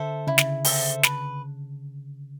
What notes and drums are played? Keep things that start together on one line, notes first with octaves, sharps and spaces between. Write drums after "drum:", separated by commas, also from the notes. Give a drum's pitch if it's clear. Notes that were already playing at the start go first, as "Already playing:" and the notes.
Already playing: D3 A4 C5 E5
C#3 E4
drum: snare
A4 C5 E5, drum: open hi-hat
B4, drum: snare